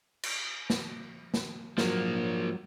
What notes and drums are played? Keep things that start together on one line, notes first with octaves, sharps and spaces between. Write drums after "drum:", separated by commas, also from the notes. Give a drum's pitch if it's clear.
drum: cymbal
drum: snare
drum: snare
G#2 F3 F#3 A#3, drum: snare